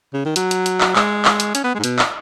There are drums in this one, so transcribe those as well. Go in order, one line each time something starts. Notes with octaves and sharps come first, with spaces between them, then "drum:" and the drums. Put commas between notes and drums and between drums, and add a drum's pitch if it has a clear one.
C#3
D#3
F#3, drum: hi-hat
drum: hi-hat
drum: hi-hat
drum: clap
G#3, drum: clap
drum: clap
drum: hi-hat
C#4, drum: hi-hat
B3
G#3
G#2
B2, drum: hi-hat
drum: clap